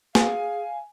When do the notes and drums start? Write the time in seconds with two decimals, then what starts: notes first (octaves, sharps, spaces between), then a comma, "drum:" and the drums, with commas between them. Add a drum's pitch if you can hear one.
0.15 G#4 F5 G#5, drum: snare